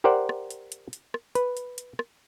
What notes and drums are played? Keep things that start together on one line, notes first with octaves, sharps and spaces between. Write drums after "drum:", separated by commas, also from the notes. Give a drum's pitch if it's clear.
G4 A#4 C5 D5 F#5
drum: rim click
drum: hi-hat
drum: hi-hat
drum: hi-hat
drum: rim click
B4, drum: hi-hat
drum: hi-hat
drum: hi-hat
drum: rim click